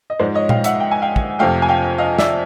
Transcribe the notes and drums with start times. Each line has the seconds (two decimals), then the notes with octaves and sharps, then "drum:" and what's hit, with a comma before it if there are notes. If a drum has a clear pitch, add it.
0.10 D#5
0.19 G#2 F3 G#3 C5 D5
0.34 C#5 D#5
0.49 F5 G5, drum: tom A#2
0.64 E5 F#5, drum: hi-hat
0.80 G5
0.91 G#5
1.02 F5 G5
1.16 drum: kick
1.39 F2 C3 F3 A3 F5 G5
1.62 G#5
1.69 F5 G5
1.98 D#5 F5
2.19 D5 E5, drum: snare